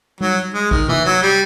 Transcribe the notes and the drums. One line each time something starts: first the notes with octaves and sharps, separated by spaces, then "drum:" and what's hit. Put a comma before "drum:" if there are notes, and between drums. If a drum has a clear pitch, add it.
F#3, drum: tom G3
G#3
D#3, drum: kick A1
E3, drum: tom C3
F#3
G3